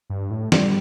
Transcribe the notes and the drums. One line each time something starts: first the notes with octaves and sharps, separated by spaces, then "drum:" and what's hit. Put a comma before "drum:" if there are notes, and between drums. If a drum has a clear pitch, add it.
G2
A2
G3, drum: snare